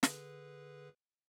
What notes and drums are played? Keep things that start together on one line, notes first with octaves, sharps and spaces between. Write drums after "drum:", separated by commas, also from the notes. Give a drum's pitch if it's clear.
D3 G#4 B4, drum: snare